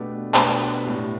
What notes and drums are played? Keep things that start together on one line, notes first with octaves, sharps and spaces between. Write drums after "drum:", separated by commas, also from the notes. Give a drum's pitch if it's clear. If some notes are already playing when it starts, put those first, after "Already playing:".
Already playing: B2 A3 D4 G4 B4
B2 A3 D4 G4 B4, drum: clap
A2 G3 B3